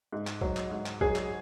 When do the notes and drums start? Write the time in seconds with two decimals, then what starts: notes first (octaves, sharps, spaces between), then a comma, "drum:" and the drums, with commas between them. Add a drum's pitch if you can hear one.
0.12 G#2
0.27 drum: clap
0.41 F#3, drum: kick A#1
0.57 drum: clap
0.71 G#2
0.86 drum: clap
1.01 F#3 G#4, drum: kick A#1
1.16 drum: clap